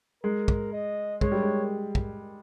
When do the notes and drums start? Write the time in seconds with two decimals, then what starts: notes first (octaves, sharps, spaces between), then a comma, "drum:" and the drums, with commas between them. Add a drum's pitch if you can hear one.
0.24 G#3 A#4
0.48 drum: kick
0.72 D#5
1.21 G#3 C#5, drum: kick
1.32 G3
1.42 G#3
1.95 drum: kick